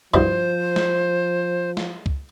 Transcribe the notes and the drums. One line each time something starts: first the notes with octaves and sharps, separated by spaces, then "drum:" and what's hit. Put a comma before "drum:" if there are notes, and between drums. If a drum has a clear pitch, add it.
G2 B2 E3 F3 C5, drum: kick C#2
drum: snare
drum: snare
drum: kick C#2